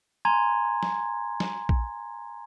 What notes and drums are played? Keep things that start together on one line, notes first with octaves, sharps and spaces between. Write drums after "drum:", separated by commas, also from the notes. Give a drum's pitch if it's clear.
G#5 A#5 C6 G#6
drum: snare
drum: snare
drum: kick A#1